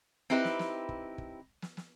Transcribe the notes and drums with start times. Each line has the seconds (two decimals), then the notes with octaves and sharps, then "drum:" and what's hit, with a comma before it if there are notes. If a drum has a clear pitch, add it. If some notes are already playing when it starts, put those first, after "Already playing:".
0.30 C4 D#4 E4 G4 B4
0.45 drum: snare
0.59 drum: snare
0.89 drum: kick
1.18 drum: kick
1.62 drum: snare
1.77 drum: snare